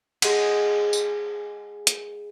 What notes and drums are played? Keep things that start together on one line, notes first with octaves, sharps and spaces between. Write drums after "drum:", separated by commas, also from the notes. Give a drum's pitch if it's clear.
G#3 G#4 D#5 F#5, drum: cymbal
drum: tambourine
drum: hi-hat